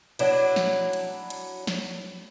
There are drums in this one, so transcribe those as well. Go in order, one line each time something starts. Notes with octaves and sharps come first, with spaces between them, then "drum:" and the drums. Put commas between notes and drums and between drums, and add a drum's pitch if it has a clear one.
F#3 D4 E4, drum: cymbal
drum: snare
drum: cymbal
drum: cymbal
drum: snare